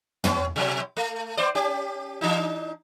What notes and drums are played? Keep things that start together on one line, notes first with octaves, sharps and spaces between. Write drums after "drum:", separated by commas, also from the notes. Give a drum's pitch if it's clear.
B3 C#4, drum: tom
B2 F#3
A3
B3 C5 D5
C#4 G4
E3 D4 D#4